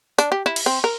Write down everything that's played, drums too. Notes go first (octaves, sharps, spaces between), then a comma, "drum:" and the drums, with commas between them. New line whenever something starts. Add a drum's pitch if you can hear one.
D4, drum: hi-hat
G4
E4
drum: cymbal
C4
A#4